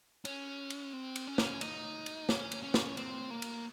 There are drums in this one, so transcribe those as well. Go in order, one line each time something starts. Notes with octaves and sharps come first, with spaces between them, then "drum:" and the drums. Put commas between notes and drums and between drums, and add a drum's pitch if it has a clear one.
C#4, drum: cymbal
drum: cymbal
C4
drum: cymbal
C#4
drum: snare
D#4, drum: cymbal
drum: cymbal
C#4, drum: snare
drum: cymbal
C#4
drum: snare
C4, drum: cymbal
A#3
drum: cymbal